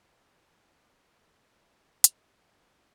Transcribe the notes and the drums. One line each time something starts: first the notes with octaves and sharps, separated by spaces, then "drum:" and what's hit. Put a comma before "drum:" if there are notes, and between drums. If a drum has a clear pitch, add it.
F#4 A#4 D5 G#5
drum: hi-hat